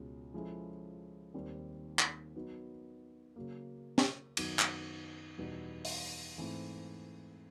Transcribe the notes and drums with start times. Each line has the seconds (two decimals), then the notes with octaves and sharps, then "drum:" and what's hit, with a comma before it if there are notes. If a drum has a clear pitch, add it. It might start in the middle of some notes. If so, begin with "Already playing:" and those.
Already playing: C#2 B2 G#3 C#4
0.34 F3 G#3 C#4 E4 A4
1.34 D#2 D#3 G3 C4
1.99 drum: clap
2.36 F#3 B3 D#4
3.36 C#3 F#3 A#3
3.98 drum: snare
4.37 F#2 D#3 F#3 B3, drum: cymbal
4.59 drum: clap
5.38 E2 B2 G3 B3 D#4
5.85 drum: open hi-hat
6.38 G#2 E3 A3 C4